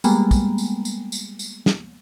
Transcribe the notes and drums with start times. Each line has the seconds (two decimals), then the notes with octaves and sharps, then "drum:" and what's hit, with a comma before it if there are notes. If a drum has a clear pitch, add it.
0.04 G3 G#3 A#3 B3, drum: tambourine
0.31 drum: kick, tambourine
0.58 drum: tambourine
0.85 drum: tambourine
1.12 drum: tambourine
1.39 drum: tambourine
1.66 drum: snare